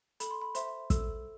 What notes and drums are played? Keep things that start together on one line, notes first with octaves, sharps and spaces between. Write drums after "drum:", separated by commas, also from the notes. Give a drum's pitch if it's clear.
A4 B5, drum: hi-hat
C6
B5
C5 E5 C6, drum: hi-hat
A4 E6, drum: kick, hi-hat